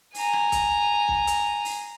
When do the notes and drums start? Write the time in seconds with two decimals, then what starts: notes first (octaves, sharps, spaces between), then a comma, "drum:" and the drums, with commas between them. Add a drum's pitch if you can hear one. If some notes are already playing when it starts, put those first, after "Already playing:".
0.14 G#5 A#5, drum: open hi-hat
0.33 drum: rim click
0.52 drum: kick B1, hi-hat
1.08 drum: kick B1
1.27 drum: hi-hat
1.65 drum: open hi-hat